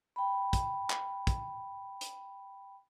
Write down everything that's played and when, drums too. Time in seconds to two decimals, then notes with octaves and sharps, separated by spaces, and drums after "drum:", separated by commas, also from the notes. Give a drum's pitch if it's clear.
0.16 G5 B5
0.53 drum: kick, hi-hat
0.90 drum: clap
1.27 drum: kick, hi-hat
2.01 drum: hi-hat